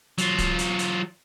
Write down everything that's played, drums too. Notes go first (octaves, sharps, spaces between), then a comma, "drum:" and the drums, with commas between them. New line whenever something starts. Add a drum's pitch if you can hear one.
F#3 F4, drum: hi-hat
drum: kick D1, hi-hat
drum: hi-hat
drum: hi-hat